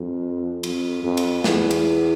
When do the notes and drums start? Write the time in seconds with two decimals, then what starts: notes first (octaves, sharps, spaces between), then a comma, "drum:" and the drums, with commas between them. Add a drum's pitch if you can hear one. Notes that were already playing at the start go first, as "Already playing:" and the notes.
Already playing: F2
0.63 F2, drum: cymbal
1.04 F2
1.17 drum: cymbal
1.44 E2, drum: snare
1.71 drum: cymbal